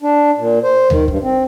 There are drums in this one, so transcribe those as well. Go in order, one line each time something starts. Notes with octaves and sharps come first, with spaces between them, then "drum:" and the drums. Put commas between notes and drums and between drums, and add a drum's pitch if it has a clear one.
D4
A#2
C5
D#3, drum: tom D2
G2, drum: kick
C4